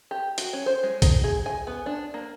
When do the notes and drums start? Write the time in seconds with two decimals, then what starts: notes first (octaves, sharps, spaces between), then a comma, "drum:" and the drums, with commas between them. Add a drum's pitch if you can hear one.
0.11 G4
0.38 F#4, drum: hi-hat
0.53 C#4
0.66 C5
0.83 G#3
1.02 D#4, drum: kick, hi-hat
1.24 G#4
1.46 G#5
1.67 B3
1.86 D4
2.14 A#3